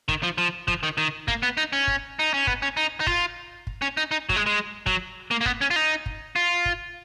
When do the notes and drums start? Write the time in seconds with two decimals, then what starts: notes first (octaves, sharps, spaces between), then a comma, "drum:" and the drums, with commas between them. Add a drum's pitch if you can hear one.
0.08 D#3, drum: kick
0.23 F3
0.38 F3
0.68 F3, drum: kick
0.83 D#3
0.98 D#3
1.28 A#3, drum: kick
1.43 B3
1.57 D#4
1.73 C#4
1.88 drum: kick
2.19 D#4
2.34 C#4
2.47 B3, drum: kick
2.62 C#4
2.77 D#4
3.00 D#4
3.07 F4, drum: kick
3.67 drum: kick
3.82 C#4
3.97 D#4
4.11 D#4
4.29 F#3, drum: kick
4.36 G#3
4.46 G#3
4.86 F#3, drum: kick
5.31 A#3
5.41 A#3
5.46 B3, drum: kick
5.61 C#4
5.71 F4
5.76 D#4
6.06 drum: kick
6.36 F4
6.66 drum: kick